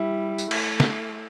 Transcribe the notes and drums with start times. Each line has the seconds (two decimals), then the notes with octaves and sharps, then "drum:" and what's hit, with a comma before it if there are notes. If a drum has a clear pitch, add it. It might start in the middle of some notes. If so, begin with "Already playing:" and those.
Already playing: G3 E4
0.38 drum: tambourine
0.51 A3, drum: cymbal
0.80 drum: snare